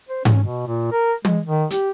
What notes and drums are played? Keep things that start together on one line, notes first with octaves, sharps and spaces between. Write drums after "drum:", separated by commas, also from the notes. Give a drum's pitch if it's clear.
C5
C#4, drum: tom G#2
B2
A#2
A#4
G#3, drum: tom
D#3
G4, drum: hi-hat